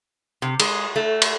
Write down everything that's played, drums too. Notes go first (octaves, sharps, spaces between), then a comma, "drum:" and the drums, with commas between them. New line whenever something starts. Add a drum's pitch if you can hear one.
C3
G#3, drum: cymbal
A3
drum: cymbal